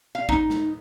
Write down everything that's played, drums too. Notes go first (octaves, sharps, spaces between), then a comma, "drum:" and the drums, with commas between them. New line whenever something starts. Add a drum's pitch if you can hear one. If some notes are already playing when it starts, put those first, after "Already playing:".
F5
D#4, drum: kick
drum: snare